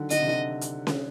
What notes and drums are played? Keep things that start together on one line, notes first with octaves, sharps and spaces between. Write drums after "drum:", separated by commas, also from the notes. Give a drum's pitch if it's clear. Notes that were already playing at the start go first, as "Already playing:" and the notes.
Already playing: D3 D#3 F#3
D3 D#5, drum: hi-hat
C3
D3
drum: hi-hat
drum: snare C#4